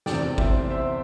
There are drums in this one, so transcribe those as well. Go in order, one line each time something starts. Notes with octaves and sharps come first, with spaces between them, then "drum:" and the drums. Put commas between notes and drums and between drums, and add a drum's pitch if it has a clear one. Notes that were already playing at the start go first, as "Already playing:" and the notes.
E2 C3 A3 C4 D5 G5, drum: snare
C5 E5, drum: kick
C5 E5